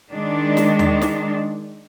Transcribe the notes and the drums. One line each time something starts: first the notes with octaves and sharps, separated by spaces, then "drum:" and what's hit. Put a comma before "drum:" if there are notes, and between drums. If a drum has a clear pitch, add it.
D#3 G#3 D4
drum: snare
drum: tom D#2
drum: snare